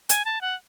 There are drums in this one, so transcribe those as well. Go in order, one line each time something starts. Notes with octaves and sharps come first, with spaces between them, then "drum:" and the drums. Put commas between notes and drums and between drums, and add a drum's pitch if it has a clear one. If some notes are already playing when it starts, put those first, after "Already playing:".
G#5, drum: hi-hat
A5
F#5